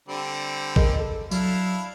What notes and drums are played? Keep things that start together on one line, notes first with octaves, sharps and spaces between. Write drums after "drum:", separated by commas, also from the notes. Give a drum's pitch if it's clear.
D3 G3 C4
G#4 A#4 D#5, drum: kick A#1
A4
F#3 D4 E4 F5, drum: tambourine